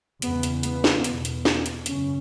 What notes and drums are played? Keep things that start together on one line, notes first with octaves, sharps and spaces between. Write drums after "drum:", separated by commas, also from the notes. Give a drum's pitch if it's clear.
E2 C#3 B3, drum: hi-hat
drum: hi-hat
B3, drum: hi-hat
drum: snare
E2 B2, drum: hi-hat
drum: hi-hat
drum: snare
drum: hi-hat
F#2 C#3 C#4, drum: hi-hat